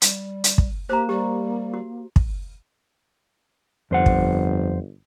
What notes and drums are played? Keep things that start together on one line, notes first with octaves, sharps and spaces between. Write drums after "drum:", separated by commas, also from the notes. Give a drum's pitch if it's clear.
G3, drum: hi-hat
drum: hi-hat
drum: kick
A#3 G4 C5 A#5
G3 G4
F#4
drum: kick
G1 F2 C5 F#5
drum: kick